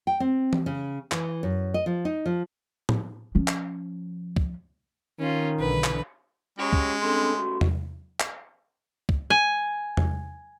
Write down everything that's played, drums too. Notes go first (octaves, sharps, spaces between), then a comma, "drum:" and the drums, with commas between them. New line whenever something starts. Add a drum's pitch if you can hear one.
G5
C4
drum: tom E3
C#3
E3, drum: clap
F#2
D#5
F3
D#4
F3
drum: tom A2
F3 C#4
drum: clap
drum: kick
D#3 C#4 F4
B1 D3 E3 B4
drum: clap
G#3 C#4 F#4 G4 C#5
drum: kick
C#3 G3 A3 C4 D4 A4 C6
F#4
drum: tom E2
drum: clap
drum: kick
G#5
drum: tom E2